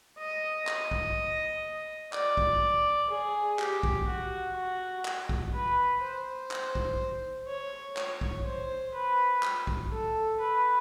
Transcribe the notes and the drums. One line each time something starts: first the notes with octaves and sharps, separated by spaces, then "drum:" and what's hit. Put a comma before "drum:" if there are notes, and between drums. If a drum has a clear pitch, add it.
D#5
D#5, drum: clap
drum: kick A#1
D5, drum: clap
drum: kick A#1
G#4
G4, drum: clap
drum: kick A#1
F#4
F#4
drum: clap
drum: kick A#1
B4
C5
drum: clap
drum: kick A#1
C#5
C#5, drum: clap
drum: kick A#1
C5
B4
drum: clap
drum: kick A#1
A4
B4